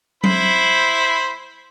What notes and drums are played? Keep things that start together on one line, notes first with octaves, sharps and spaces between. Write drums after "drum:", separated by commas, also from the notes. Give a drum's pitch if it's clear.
E4 C5 B5, drum: tom F#3